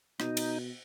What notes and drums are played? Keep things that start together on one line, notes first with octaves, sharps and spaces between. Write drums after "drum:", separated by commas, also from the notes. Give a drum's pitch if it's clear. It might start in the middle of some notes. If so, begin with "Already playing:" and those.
B2 D#4, drum: rim click
drum: cymbal